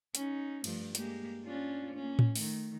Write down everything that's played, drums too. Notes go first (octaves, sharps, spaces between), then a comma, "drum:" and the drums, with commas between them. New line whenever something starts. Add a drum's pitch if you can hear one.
C#4 D#4, drum: hi-hat
G2 F3 A3, drum: cymbal
G#3 A#3 G4, drum: hi-hat
C#4 D4 F4
A#3 C#4
drum: tom A2
D#3 A3, drum: open hi-hat